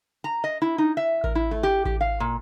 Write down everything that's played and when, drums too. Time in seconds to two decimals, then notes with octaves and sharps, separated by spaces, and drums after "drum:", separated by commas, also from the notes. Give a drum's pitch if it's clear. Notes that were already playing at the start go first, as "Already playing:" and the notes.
0.24 A#5
0.44 D#5
0.62 E4
0.78 D#4
0.97 E5
1.24 A#4, drum: kick A1
1.35 E4
1.51 A3
1.63 G4
1.85 G4, drum: kick A1
2.01 F5
2.20 A#2